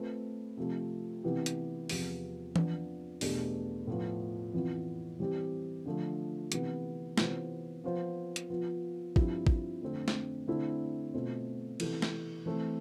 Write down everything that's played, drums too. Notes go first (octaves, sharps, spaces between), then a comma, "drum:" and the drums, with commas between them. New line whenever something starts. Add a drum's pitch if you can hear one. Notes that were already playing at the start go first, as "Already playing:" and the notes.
Already playing: A3 C4 F4 B4
C3 F3 A3
C3 E3 B3 E4 G4
drum: hi-hat
E2 C3 F3 B3, drum: open hi-hat
F3 B3 D4, drum: tom E3
E2 B2 A3 D4 G4, drum: open hi-hat
A2 F3 B3
F2 E3 B3 F4
E3 G3 C4 G4
D3 F3 A3
C3 E3 B3, drum: hi-hat
C3 E3 B3 F4 C5, drum: snare
F3 B3 F4 C5
drum: hi-hat
F3 B3 F4
G2 F3 C4 E4 G4, drum: kick
drum: kick
F2 D3 A3 C4
drum: snare
D3 A3 C4 E4
B2 A3 C4 F4 C5
C3 E3 B3 E4 A4, drum: cymbal
drum: snare
E3 A3 C4